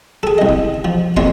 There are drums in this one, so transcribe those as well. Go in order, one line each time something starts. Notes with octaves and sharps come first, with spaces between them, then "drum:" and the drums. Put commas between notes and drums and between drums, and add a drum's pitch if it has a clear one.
G#4 A4
C2 D#5
drum: kick
F3
A#1 F2 C#5 C6, drum: kick